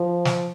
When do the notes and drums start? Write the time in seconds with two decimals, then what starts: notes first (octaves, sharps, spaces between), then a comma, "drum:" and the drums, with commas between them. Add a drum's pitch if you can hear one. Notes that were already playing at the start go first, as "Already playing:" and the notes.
Already playing: F3
0.25 drum: snare